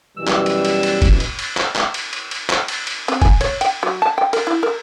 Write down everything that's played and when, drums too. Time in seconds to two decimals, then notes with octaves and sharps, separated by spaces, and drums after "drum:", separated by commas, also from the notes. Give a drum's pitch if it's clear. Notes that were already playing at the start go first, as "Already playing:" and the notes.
0.17 F#2 B2 E3 G3 E6
0.28 drum: clap
0.46 drum: cymbal
0.65 drum: cymbal
0.83 drum: cymbal
1.02 drum: kick, cymbal
1.20 drum: cymbal
1.39 drum: cymbal
1.57 drum: clap
1.76 drum: clap
1.94 drum: cymbal
2.13 drum: cymbal
2.31 drum: cymbal
2.50 drum: clap
2.68 drum: cymbal
2.87 drum: cymbal
3.08 C4, drum: cymbal
3.22 G#5, drum: kick, cymbal
3.41 C#5, drum: cymbal
3.61 G5, drum: cymbal
3.83 F#3
4.02 A5
4.18 G5
4.33 A#4, drum: cymbal
4.47 E4
4.63 A#4